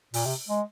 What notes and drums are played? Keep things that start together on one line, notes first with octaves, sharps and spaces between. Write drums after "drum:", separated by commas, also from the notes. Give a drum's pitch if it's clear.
A#2, drum: open hi-hat
C3
G#3